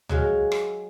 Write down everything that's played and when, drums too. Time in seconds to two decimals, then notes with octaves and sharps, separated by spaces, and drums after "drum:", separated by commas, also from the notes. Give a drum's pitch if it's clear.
0.09 F#3 G#3 F5, drum: tom C#2
0.52 drum: rim click